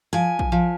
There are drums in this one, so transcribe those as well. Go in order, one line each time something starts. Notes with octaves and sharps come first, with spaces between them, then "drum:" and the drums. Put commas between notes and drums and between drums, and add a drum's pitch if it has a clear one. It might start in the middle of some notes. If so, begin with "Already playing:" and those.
F3 G#5
drum: kick A#1
F3